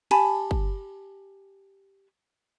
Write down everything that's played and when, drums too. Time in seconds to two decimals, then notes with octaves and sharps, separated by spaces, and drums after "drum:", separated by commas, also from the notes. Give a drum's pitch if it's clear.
0.11 G4 G#5 A5 B5, drum: cymbal
0.51 drum: kick